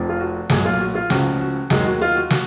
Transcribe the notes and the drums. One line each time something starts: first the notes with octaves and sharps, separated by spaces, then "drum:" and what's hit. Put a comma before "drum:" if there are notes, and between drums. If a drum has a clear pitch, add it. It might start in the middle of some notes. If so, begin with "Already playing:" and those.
Already playing: F1 F2 F3
F4
F#4
B1 A#2 F#3 G#3 G#4, drum: snare
F4
F#4
F4
C#2 C#3 F3 F#4, drum: snare
F#4
D#2 D#3 F#3 G#3 G#4, drum: snare
F#4
F4
F#4
F#4, drum: snare